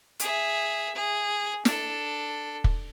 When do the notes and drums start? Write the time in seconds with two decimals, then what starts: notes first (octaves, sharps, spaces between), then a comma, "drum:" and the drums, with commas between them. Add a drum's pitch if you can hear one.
0.20 G#4 E5, drum: hi-hat
0.95 G#4
1.65 D4 A4, drum: snare
2.64 drum: kick